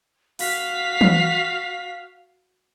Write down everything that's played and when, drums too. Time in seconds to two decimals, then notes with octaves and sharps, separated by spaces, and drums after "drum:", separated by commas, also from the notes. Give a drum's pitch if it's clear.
0.39 F#4 F5 B6, drum: open hi-hat
1.01 drum: tom E3